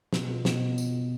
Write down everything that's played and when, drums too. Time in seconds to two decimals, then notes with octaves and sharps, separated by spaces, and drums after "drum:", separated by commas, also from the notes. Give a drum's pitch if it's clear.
0.13 B2, drum: snare
0.28 B3 F4
0.45 B2, drum: snare
0.61 F4
0.78 drum: tambourine